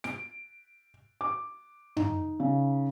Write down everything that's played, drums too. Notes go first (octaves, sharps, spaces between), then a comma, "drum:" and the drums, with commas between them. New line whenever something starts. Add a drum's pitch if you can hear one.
D7, drum: snare
D6
D#4, drum: tom F#2
C#3